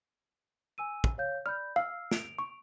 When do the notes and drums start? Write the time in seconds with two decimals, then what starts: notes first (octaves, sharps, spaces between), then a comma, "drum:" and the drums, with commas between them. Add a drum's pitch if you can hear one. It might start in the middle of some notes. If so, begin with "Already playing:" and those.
0.78 G#5 E6 D#7
1.04 drum: kick
1.18 C#5 F5 G6
1.46 D5 B5 F6 G6
1.76 F5 E6 F6 C7
2.11 D7 F7, drum: snare
2.39 C#6